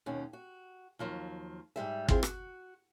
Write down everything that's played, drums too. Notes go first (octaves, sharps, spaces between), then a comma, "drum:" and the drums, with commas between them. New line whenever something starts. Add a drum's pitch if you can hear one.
D#2 B2 C#4
F#4
D#2 F3 F#3
G#2 C3 G3 E5
C4 E4 F4 G#4 C5, drum: kick
F#4, drum: rim click